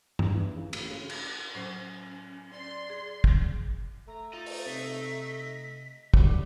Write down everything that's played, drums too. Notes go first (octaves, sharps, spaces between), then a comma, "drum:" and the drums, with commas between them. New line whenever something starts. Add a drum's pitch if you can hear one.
G2, drum: tom G2
E3
C#3
A1, drum: cymbal
C#3
drum: cymbal
A2 F#3 C#4 C5
D5 C6 C7
G#4
drum: kick
A3 A#5
F4 D#5 A#5 A6
drum: open hi-hat
C3 B6
F#3 G3 A3, drum: kick